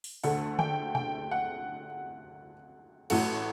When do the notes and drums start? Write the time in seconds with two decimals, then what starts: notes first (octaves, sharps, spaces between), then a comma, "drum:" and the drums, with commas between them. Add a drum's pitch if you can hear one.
0.04 drum: open hi-hat
0.24 D2 D3 A3 F#5, drum: open hi-hat
0.59 G5, drum: tom D3
0.95 G5, drum: tom B2
1.31 F#5
3.10 A1 A2 F#3 A3 F#5, drum: cymbal